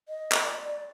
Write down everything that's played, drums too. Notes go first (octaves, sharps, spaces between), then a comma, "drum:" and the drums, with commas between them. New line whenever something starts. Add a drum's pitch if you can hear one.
D#5
drum: clap
D5